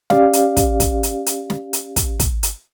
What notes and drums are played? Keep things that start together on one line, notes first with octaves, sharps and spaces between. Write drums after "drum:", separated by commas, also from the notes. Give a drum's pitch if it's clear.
C#4 G4 D5 F5, drum: snare
drum: hi-hat
drum: kick, hi-hat
drum: kick, hi-hat
drum: hi-hat
drum: hi-hat
drum: snare
drum: hi-hat
drum: kick, hi-hat
drum: kick, hi-hat
drum: hi-hat